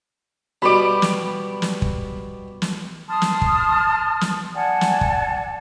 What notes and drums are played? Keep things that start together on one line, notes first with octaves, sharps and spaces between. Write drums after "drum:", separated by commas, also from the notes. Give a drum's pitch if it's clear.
B2 G3 B5 D6
drum: snare
drum: snare
drum: kick
drum: snare
A5 C6 D#6 F6
drum: snare
drum: kick
drum: snare
D5 F#5 G#5 A5
drum: snare
drum: kick